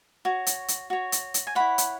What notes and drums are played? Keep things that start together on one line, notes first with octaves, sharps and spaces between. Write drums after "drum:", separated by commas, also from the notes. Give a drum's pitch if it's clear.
F#4 C#5
drum: hi-hat
drum: hi-hat
F#4 C#5
drum: hi-hat
drum: hi-hat
G#5
E4 C#5 F#5 B5
drum: hi-hat